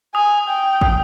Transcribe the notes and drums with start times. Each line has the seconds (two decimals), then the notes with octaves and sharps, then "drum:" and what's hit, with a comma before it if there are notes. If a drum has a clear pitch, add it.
0.15 G#5 D#6
0.48 G5
0.81 D#6, drum: kick